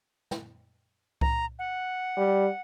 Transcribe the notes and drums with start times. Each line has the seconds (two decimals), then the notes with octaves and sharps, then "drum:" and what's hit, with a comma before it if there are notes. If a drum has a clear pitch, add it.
0.31 drum: snare
1.21 A#5, drum: kick C2
1.59 F#5
2.17 G3